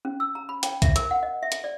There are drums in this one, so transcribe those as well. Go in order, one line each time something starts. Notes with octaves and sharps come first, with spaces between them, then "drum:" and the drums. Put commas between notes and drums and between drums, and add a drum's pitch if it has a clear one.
C#4
E6
A#5
B5
G5, drum: hi-hat
E5, drum: kick, hi-hat
A#4, drum: hi-hat
F#5
D#5
E5
drum: hi-hat
D5